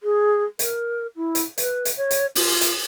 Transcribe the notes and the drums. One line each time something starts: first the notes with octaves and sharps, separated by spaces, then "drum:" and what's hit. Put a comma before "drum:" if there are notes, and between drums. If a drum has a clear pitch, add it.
G#4
A#4, drum: hi-hat
E4
drum: hi-hat
B4, drum: hi-hat
drum: hi-hat
C#5
drum: hi-hat
F4, drum: open hi-hat
drum: hi-hat